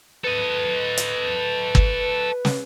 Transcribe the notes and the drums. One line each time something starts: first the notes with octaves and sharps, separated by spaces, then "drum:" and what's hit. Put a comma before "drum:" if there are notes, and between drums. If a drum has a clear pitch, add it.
A4 B4 D#5
drum: hi-hat
drum: kick G1
drum: snare